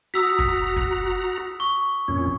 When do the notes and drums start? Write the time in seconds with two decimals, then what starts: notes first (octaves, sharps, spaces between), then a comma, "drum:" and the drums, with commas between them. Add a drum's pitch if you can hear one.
0.14 F#4 A#5 D#6 E6 B6
0.39 drum: kick
0.76 drum: kick
1.60 C#6
2.08 F2 A#2 C#4